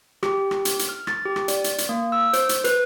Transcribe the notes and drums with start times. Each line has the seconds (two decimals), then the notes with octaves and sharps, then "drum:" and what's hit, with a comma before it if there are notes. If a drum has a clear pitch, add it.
0.23 G4, drum: rim click
0.51 drum: rim click
0.65 drum: hi-hat
0.79 drum: hi-hat
0.89 F6
1.07 A6, drum: rim click
1.26 G4
1.36 drum: rim click
1.48 D5, drum: hi-hat
1.64 drum: hi-hat
1.78 drum: hi-hat
1.89 A#3
2.12 E6
2.33 C5, drum: hi-hat
2.49 drum: hi-hat
2.64 B4, drum: hi-hat